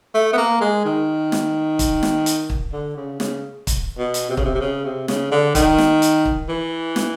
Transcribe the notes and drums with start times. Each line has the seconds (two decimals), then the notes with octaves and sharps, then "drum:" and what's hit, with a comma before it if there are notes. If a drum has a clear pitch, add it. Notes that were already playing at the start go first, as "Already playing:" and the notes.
0.15 A3
0.33 B3
0.38 A#3
0.61 G#3
0.85 D#3
1.32 drum: snare
1.79 drum: kick, hi-hat
2.03 drum: snare
2.26 drum: hi-hat
2.50 drum: kick
2.72 D3
2.97 C#3
3.20 C#3, drum: snare
3.67 drum: kick, hi-hat
3.99 B2
4.14 drum: hi-hat
4.30 C3
4.37 C#3, drum: kick
4.45 C3
4.55 C3
4.61 C#3
4.85 C3
5.08 C#3, drum: snare
5.32 D3
5.55 D#3, drum: kick, hi-hat
5.78 drum: snare
6.02 drum: hi-hat
6.25 drum: kick
6.49 E3
6.96 drum: snare